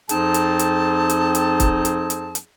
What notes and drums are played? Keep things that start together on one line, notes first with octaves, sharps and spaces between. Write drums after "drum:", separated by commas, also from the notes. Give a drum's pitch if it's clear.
F2 F3 C4 D#4 G#4 A5, drum: hi-hat
drum: hi-hat
drum: hi-hat
drum: hi-hat
drum: hi-hat
drum: kick, hi-hat
drum: hi-hat
drum: hi-hat
drum: hi-hat